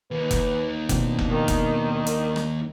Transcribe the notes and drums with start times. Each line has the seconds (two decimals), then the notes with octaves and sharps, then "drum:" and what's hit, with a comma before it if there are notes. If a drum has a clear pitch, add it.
0.11 D#2 B4
0.31 drum: kick F1, hi-hat
0.89 B2 F3 C4 D4, drum: kick F1, hi-hat
1.19 drum: kick F1
1.29 D#3
1.48 drum: kick F1, hi-hat
2.07 drum: hi-hat
2.36 drum: rim click